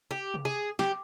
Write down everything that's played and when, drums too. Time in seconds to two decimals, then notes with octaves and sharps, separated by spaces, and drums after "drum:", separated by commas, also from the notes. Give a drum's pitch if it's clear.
0.11 G4
0.34 drum: tom C3
0.45 G#4
0.79 G4, drum: snare